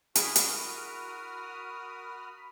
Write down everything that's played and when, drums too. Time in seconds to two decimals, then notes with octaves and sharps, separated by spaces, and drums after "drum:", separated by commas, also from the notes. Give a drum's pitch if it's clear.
0.15 E4 F#4 G#4 A#4 G#5 B5 D#6 F6, drum: hi-hat
0.36 drum: hi-hat